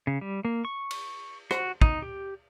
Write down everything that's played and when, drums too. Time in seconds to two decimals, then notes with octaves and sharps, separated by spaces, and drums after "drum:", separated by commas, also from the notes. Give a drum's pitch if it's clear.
0.07 C#3
0.21 G3
0.45 A#3
0.65 C#6
0.91 drum: cymbal
1.51 F#4, drum: rim click
1.81 D#4, drum: kick
2.02 G4